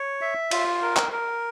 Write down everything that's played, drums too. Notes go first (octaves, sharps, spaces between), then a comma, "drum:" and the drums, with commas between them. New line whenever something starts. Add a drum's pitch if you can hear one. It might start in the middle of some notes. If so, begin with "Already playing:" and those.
Already playing: C#5
E5
F4, drum: cymbal
A#4
drum: clap
A#4